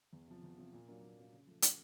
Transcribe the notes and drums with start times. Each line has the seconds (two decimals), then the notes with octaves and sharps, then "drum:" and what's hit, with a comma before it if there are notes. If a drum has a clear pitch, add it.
0.13 E2
0.28 C3 F3
0.44 E2
0.58 C3 F3
0.73 A#2
0.88 F#3 A#3 D4
1.03 A#2
1.17 F#3 A#3 D4
1.33 C#3
1.47 F3 A3
1.62 C#3, drum: hi-hat